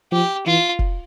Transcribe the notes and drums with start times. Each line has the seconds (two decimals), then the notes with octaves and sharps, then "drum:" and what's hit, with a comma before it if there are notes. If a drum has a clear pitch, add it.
0.12 F3 G4
0.46 E3 F4
0.79 drum: kick